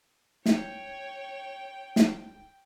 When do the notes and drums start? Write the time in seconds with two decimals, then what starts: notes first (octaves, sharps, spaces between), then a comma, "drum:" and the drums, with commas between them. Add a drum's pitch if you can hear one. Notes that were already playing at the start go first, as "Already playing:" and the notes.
0.46 C#5 G5, drum: snare
1.96 drum: snare